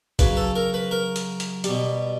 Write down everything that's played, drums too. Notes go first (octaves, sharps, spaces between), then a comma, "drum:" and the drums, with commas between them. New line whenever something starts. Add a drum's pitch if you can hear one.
C#3 F#3 B4, drum: kick, hi-hat
A4
A#4
B4
A#4
drum: hi-hat
drum: hi-hat
B2 G3, drum: hi-hat